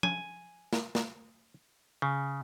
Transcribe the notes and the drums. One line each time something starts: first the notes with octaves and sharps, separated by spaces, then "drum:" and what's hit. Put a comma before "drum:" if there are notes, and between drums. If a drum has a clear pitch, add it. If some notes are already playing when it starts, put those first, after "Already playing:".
G#5, drum: tom F3
drum: snare
drum: snare
C#3